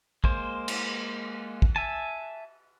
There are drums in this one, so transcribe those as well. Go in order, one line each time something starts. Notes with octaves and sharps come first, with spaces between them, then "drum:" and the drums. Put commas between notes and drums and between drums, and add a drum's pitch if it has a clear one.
G#3 A#3 C5, drum: kick
drum: cymbal
drum: kick
E5 G#5 A5